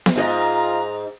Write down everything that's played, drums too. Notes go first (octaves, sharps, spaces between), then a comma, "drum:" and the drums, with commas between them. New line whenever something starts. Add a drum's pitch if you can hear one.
drum: snare B3
G#2 F4 G#4 D#5 A#5